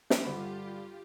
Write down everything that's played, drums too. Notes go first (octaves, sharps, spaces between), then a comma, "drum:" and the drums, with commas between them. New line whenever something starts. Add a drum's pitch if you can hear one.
drum: snare
G2 D3 F4 G4 B5